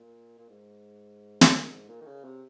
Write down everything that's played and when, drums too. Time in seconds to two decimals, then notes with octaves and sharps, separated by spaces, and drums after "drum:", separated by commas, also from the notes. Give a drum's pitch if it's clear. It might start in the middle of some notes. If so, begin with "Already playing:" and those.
Already playing: A#2
0.38 A#2
0.49 G#2
1.41 drum: snare
1.54 A#2
1.71 G#2
1.89 A#2
2.01 D#3
2.06 C#3
2.24 C3